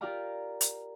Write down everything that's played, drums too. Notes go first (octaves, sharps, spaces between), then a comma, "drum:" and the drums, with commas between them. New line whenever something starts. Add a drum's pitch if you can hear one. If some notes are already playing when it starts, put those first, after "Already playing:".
F4 G4 A#4 D5 F5 A#5
drum: hi-hat